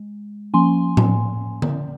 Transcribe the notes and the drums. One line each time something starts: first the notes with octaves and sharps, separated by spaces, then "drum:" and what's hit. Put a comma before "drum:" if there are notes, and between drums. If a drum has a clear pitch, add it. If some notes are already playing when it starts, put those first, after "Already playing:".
Already playing: G#3
F3 A#3 C#4 G#5 C6
drum: tom A2
drum: tom D3